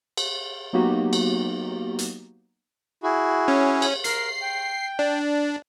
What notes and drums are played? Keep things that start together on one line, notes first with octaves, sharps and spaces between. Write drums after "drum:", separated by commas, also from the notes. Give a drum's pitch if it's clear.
drum: cymbal
F#3 A#3 B3 D#4 F#4 G4
drum: cymbal
drum: hi-hat
E4 F#4 G#4
C#4
drum: cymbal
A#4 C7, drum: hi-hat
G5
D4